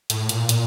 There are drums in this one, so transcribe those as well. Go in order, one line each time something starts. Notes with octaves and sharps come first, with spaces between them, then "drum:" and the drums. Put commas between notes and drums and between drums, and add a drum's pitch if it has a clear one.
A2, drum: hi-hat
A#2, drum: hi-hat
drum: hi-hat